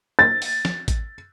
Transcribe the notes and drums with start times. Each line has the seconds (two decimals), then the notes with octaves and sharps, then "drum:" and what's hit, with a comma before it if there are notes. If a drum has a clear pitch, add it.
0.19 A6
0.42 drum: open hi-hat
0.65 drum: snare
0.88 drum: kick A1, hi-hat